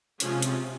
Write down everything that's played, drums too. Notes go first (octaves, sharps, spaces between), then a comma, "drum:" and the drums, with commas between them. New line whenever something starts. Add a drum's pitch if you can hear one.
C3 F3 G#3 C#4 F4, drum: hi-hat
drum: hi-hat